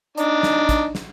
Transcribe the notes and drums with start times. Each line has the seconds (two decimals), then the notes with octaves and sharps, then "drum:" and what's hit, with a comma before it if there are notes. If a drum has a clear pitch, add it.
0.17 D4 D#4, drum: hi-hat
0.43 drum: snare
0.69 drum: kick, hi-hat
0.95 drum: snare